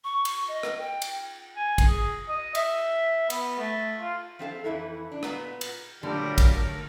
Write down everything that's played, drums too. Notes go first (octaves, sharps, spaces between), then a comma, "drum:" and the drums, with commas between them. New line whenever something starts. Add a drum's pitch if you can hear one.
C#6
drum: cymbal
D#5
drum: rim click
G5
drum: cymbal
G#5
drum: kick, cymbal
G#4
D#5
E5, drum: cymbal
B3, drum: cymbal
A3
F4
F3 C4 A4 F5
F2 G#2 E3 E4 A4
D4
A#2 B3 F#4, drum: rim click
drum: cymbal
A#2 D3 F#3 G3 A3 A#4
drum: kick, cymbal